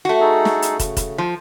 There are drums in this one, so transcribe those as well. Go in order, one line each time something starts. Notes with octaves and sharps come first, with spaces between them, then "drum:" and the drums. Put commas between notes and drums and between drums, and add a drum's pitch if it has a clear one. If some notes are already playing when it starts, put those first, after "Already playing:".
A3 F#4
D#4 G#4 A4
drum: snare
drum: hi-hat
C#3, drum: kick, hi-hat
drum: kick, hi-hat
F3